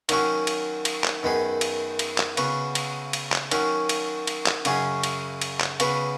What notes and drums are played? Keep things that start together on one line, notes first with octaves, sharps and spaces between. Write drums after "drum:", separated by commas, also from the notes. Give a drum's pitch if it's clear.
D#3 F#3 C#4 F#4, drum: cymbal
drum: cymbal
drum: cymbal
drum: clap
F#2 D#3 B3 D#4 G#4
drum: cymbal
drum: cymbal
drum: clap
C#3 B3 F#4, drum: cymbal
drum: cymbal
drum: cymbal
drum: clap
D#3 F#3 C#4 F#4, drum: cymbal
drum: cymbal
drum: cymbal
drum: clap
F#2 C#3 F#3 C#4 G#4, drum: cymbal
drum: cymbal
drum: cymbal
drum: clap
C#3 B3 F#4 B4, drum: cymbal